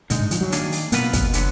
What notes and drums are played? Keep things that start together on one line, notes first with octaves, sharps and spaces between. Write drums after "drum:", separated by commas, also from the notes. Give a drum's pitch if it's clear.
A#2 D3 G#3 D#4, drum: hi-hat
G#2
F3, drum: hi-hat
F#3
D#3 A#3 D4 G#4, drum: hi-hat
drum: open hi-hat
B2 F#3 A#3 B3 F4 B4, drum: hi-hat
drum: kick, hi-hat
D3 F#3 B3, drum: hi-hat